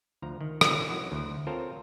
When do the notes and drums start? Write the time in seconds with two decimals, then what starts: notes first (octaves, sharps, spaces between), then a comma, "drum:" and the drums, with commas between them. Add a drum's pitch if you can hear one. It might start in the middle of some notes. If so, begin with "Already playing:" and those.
0.22 D2 F3 A#5
0.41 D#3
0.61 drum: rim click
0.90 E3 F#3 F#4
1.12 D2
1.47 C4 F4 A4 A#4 C5 C#5